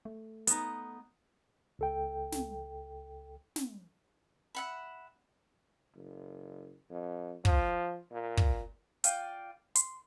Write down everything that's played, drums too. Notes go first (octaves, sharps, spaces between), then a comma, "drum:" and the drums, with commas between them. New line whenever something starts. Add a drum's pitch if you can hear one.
A3
B3 D#4, drum: hi-hat
C#2 A4 G5
drum: snare
drum: snare
E5 F#5 B5
F#1
F2
F3, drum: kick
A#2
drum: kick
F4 D5 G5 G6, drum: hi-hat
C6, drum: hi-hat